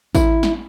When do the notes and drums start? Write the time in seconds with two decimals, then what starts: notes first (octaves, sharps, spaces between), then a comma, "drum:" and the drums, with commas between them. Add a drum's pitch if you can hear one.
0.15 E4, drum: kick A1, tambourine
0.43 drum: snare